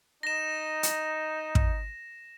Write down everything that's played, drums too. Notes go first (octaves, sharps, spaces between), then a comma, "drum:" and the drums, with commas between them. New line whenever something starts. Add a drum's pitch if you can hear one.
D#4 A#6 E7
drum: hi-hat
drum: kick